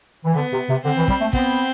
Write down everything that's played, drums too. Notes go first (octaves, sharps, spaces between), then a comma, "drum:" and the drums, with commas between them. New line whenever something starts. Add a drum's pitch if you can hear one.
E3
D3 B3
C3
C3
D3 C4
E3
G3, drum: kick
A3
B3 C4, drum: kick